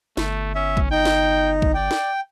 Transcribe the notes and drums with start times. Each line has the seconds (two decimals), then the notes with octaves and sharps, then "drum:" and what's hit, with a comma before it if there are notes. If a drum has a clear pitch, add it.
0.17 G1 A3, drum: snare
0.55 C#4 E5
0.77 drum: kick B1
0.91 D#4 G5
1.05 drum: snare
1.62 drum: kick B1
1.74 D5 G5
1.91 drum: snare